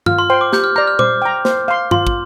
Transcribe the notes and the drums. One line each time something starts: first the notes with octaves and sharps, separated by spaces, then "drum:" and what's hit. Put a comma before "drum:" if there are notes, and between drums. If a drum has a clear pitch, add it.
F4 F6, drum: tom G2
C6
C5 G5 C6
D6
G4 G6, drum: snare
F6
D5 A#5 G6
F6
C5 D6, drum: tom A#2
G5 A#5
C5, drum: snare
F5 C6
F4 C6, drum: tom G2
drum: kick